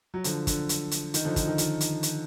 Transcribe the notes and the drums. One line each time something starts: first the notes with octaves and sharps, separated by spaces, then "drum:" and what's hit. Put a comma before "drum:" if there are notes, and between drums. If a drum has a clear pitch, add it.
F#3
D3 F3, drum: hi-hat
D3, drum: kick, hi-hat
drum: hi-hat
drum: hi-hat
D#3, drum: hi-hat
D3 F3
D#3, drum: kick, hi-hat
D#3
D#3, drum: hi-hat
drum: hi-hat
drum: hi-hat